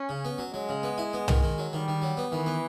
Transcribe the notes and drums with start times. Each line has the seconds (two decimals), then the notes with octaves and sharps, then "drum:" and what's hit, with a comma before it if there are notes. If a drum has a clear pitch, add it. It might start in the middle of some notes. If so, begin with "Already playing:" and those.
Already playing: C#4
0.09 C#3
0.25 B3
0.38 F#3
0.54 F#3 G#3
0.69 C#3
0.83 B3
0.98 E4
1.13 B3
1.28 D#3, drum: tom
1.43 D#3
1.58 F#3
1.73 D#3 G3
1.88 D#3
2.02 F#3
2.17 B3
2.32 D#3 E3
2.46 B3